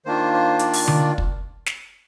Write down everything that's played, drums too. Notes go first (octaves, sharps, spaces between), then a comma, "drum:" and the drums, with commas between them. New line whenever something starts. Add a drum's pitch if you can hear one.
D#3 A#3 D4 F4 C5
C5
D5, drum: hi-hat
drum: open hi-hat
D5, drum: tom D3
drum: kick
drum: snare